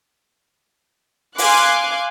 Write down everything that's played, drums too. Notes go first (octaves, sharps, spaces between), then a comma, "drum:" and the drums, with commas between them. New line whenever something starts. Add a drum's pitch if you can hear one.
F5 G#5 C6 D6 F#6, drum: open hi-hat